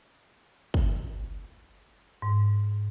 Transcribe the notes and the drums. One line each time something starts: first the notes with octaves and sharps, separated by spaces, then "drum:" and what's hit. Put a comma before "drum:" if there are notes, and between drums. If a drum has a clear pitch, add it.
drum: kick
G#2